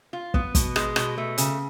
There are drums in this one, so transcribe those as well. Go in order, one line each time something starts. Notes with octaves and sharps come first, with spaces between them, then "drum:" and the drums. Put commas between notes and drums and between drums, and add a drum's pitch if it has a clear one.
F4
B3, drum: kick
B2, drum: kick, hi-hat
G#3, drum: rim click
B2, drum: rim click
A3
C#3, drum: hi-hat